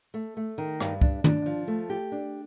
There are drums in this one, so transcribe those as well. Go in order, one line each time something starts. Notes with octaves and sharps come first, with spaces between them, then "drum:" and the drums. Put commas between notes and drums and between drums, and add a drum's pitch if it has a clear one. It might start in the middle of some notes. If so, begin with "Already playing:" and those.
A3
A3
D#3
G2, drum: rim click
D4, drum: kick C#2
D4, drum: tom
F3
A3
G4
D4